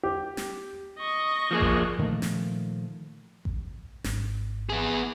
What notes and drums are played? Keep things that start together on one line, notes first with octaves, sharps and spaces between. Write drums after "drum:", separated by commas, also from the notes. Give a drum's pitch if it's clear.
G4
drum: snare
D#5 C#6
F3 A#3 G#4
drum: kick A1
A#2 D#3 F3 A3
drum: snare
drum: kick A1
G#1, drum: snare
B3 G#4